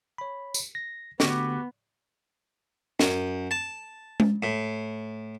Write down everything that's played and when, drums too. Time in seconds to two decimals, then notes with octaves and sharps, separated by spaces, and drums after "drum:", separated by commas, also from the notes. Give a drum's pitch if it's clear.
0.18 C#5 B5
0.54 drum: tambourine
0.75 A#6
1.20 D3 A3 B3 F#4 G4 B4, drum: snare
3.00 F#2, drum: snare
3.51 A5
4.20 drum: tom G#3
4.43 A2